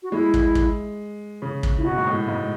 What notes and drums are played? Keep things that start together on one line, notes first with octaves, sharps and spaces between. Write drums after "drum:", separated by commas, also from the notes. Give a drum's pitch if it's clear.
F#4
G#3 E4
drum: kick
drum: kick
C#3
drum: kick
E4
B2 F#4
G#2
A2
G#2